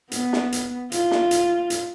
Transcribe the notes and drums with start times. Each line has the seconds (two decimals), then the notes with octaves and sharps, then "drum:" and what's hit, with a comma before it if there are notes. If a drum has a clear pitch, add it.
0.12 B3, drum: hi-hat
0.33 drum: snare
0.52 drum: hi-hat
0.92 F4, drum: hi-hat
1.11 drum: snare
1.31 drum: hi-hat
1.70 drum: hi-hat